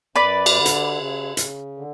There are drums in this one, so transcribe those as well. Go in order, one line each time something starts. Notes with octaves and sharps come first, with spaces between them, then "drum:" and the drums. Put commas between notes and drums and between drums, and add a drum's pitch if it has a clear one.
F#2 B4 D5
drum: cymbal
D3
drum: hi-hat
C#3
C#3, drum: hi-hat
D3